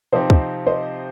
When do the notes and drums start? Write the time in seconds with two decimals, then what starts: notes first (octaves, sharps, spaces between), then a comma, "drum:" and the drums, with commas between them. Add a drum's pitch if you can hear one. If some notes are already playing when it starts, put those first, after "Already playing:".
0.12 C3 F3 C4 D#4 G4 C5 D#5
0.30 drum: kick
0.67 C5 D#5